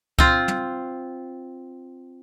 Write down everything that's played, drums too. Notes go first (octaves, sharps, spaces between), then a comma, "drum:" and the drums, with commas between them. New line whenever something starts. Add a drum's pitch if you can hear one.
C4 F4, drum: kick
drum: tom